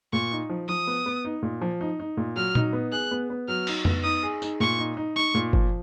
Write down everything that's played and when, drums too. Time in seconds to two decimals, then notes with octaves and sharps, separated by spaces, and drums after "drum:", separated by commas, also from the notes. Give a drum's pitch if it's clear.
0.13 A#2 C#6
0.31 D#4
0.50 F3
0.68 F3 D#6
0.87 B3
1.06 B3
1.25 D#4
1.43 A#2
1.61 F3
1.81 D#4
1.99 D#4
2.17 A#2
2.36 F#3 F6
2.55 D#4, drum: tom A#2
2.73 B3
2.92 G#4 F#6
3.11 B3
3.30 B3
3.48 F#3 F6
3.67 D#4, drum: cymbal
3.85 B3, drum: tom F2
4.03 D#4 D#6
4.23 G#4
4.42 D#4, drum: tambourine
4.60 A#2 C#6
4.78 D#4
4.97 D#4
5.16 D#4 C#6
5.35 A#2
5.53 F3, drum: kick